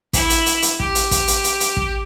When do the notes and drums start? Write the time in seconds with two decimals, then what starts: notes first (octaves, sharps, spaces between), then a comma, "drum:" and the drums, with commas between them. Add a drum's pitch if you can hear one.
0.13 E4, drum: kick, hi-hat
0.30 drum: hi-hat
0.46 drum: hi-hat
0.62 drum: hi-hat
0.80 G4, drum: kick
0.95 drum: hi-hat
1.11 drum: kick, hi-hat
1.28 drum: hi-hat
1.44 drum: hi-hat
1.60 drum: hi-hat
1.77 drum: kick